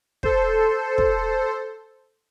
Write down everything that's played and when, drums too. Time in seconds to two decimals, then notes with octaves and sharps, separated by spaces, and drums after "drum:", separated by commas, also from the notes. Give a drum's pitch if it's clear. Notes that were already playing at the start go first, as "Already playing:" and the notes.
0.23 A4 C5, drum: kick
0.98 drum: kick